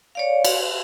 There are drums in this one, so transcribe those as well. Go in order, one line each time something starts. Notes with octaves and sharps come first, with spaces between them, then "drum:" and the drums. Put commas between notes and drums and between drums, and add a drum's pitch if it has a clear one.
C#5 D5 F5
drum: cymbal